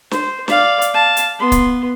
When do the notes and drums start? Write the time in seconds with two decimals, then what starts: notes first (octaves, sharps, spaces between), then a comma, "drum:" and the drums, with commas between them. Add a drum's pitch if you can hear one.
0.11 C5, drum: snare
0.48 D5 F5, drum: snare
0.82 drum: hi-hat
0.93 F5 A5
1.17 drum: hi-hat
1.39 B3 C6
1.52 drum: kick, hi-hat